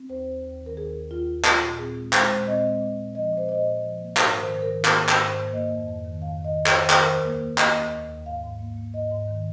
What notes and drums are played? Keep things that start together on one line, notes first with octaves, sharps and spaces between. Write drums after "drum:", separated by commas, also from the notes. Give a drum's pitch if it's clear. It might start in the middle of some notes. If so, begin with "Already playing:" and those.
Already playing: C4
D#2 C5
D#2
D#2
D#3
A#4
D#2 G#4
D#2
D#2 F4
D#2
A#2 F4, drum: clap
A#2
C4 G#4
G#3
G#3 C5, drum: clap
A#2
C4 D#5
G#3
A#2
A#2
F3 D#5
A#2 C5
A#2 D#5
A#2
F3
A#3
G#2 A#4, drum: clap
D#3
C5
G#2
A#4
D#3
A#3 G#4, drum: clap
G#2
C5, drum: clap
G#2
C5
A#3
A#3 D#5
F2
F2
D#3
F2 F5
D#3
D#5
F2
C5, drum: clap
D#3
D#3 C5, drum: clap
A#4
D#2
C5
A#3
A#3
A#3 D#5, drum: clap
D#2
D#2
D#2
G#2 F5
G#2
A#3
A#3
G#2 D#5
G#2
D#3